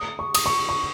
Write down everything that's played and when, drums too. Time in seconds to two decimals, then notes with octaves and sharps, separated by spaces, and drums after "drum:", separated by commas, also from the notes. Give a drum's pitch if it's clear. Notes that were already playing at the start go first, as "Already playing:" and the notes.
Already playing: D#6
0.19 C#6
0.35 D#6, drum: cymbal
0.46 C#6
0.69 C#6